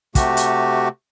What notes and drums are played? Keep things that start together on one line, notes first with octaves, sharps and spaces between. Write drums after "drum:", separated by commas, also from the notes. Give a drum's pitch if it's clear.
C3 A3 F#4 G4, drum: kick, hi-hat
drum: hi-hat